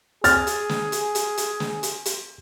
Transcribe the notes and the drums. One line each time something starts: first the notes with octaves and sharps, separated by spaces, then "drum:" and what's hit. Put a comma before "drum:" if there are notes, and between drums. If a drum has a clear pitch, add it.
G#4 F6 A6, drum: hi-hat
drum: hi-hat
drum: snare
drum: hi-hat
drum: hi-hat
drum: hi-hat
drum: snare
drum: hi-hat
drum: hi-hat